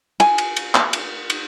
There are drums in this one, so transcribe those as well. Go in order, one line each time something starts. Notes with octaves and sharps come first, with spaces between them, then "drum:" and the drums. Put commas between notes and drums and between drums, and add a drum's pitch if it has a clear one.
G#5, drum: cymbal
drum: cymbal
drum: cymbal
drum: clap
drum: cymbal
drum: cymbal